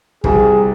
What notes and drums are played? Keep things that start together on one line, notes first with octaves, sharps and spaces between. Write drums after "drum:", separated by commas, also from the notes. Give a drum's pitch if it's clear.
C2 C3 G3 G#4, drum: kick